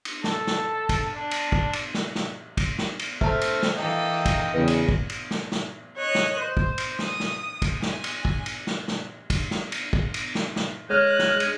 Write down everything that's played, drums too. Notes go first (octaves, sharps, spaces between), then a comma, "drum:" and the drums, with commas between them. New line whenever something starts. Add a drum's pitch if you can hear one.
drum: cymbal
A4, drum: snare
drum: snare
drum: kick, cymbal
D4
drum: cymbal
drum: kick
drum: cymbal
drum: snare
drum: snare
drum: kick, cymbal
drum: snare
drum: cymbal
A3 C4 E5 A5 F6, drum: kick
drum: cymbal
drum: snare
E3 A#3 A4 D#5 G5
drum: kick, cymbal
E2 C#3 B4
drum: cymbal
drum: kick
drum: cymbal
drum: snare
drum: snare
C#5 D#5 F#6
drum: snare
C5
drum: kick
drum: cymbal
D#6, drum: snare
drum: snare
drum: kick, cymbal
G#5, drum: snare
drum: cymbal
drum: kick
drum: cymbal
drum: snare
drum: snare
drum: kick, cymbal
drum: snare
drum: cymbal
drum: kick
drum: cymbal
drum: snare
drum: snare
G#3 C#5 F6 F#6
drum: snare
drum: cymbal